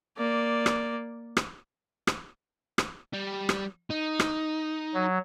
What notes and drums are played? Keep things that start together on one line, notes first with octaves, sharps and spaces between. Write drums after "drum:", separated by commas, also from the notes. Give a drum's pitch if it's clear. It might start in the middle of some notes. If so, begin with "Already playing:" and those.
A#3 D5
drum: rim click
drum: rim click
drum: rim click
drum: rim click
G3 G4
drum: rim click
D#4
drum: rim click
F#3